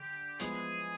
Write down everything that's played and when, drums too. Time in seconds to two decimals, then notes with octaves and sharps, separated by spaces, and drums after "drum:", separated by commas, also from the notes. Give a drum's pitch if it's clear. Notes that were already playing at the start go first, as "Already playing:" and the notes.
Already playing: D3 G4
0.40 F3 G#3 B3 E4 G#4, drum: hi-hat